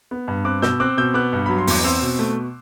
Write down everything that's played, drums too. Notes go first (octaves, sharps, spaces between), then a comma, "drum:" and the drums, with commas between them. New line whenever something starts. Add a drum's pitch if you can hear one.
B3
G2
C4 D6 F#6
B2 E6 G6, drum: snare
C4 D6 F#6
B2 E6 G6
B3 D6 F#6
G2
F#3 B5
C6
E2 D6, drum: open hi-hat
C4 C6 E6
B2
A3